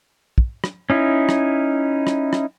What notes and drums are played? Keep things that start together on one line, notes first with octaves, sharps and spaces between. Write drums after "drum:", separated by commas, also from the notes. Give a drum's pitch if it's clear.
drum: kick
drum: rim click
C#4 D#4 E4
drum: rim click
drum: rim click
drum: rim click